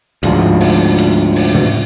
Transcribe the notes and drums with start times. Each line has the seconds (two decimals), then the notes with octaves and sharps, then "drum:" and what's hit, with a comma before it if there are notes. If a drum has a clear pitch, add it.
0.23 D2 G#2 F3, drum: hi-hat
0.60 drum: open hi-hat
0.98 drum: hi-hat
1.36 drum: open hi-hat
1.55 drum: tom